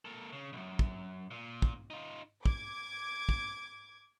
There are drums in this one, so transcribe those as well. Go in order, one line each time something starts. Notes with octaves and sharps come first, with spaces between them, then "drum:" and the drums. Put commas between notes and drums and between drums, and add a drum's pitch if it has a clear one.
A#3 A4
C#3
B1 F#2
drum: kick
A#2
drum: kick
D#4 F4
D6 G#6, drum: kick
drum: kick